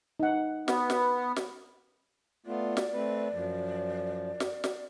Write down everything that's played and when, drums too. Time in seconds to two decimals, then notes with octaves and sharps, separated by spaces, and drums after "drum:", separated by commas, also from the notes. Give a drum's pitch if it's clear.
0.20 D#4 F#5
0.68 B3, drum: snare
0.90 drum: snare
1.36 drum: snare
2.46 A3 B3 F4 D5
2.77 drum: snare
2.93 A3 C4 B4
3.32 F#2 F3
4.40 drum: snare
4.64 drum: snare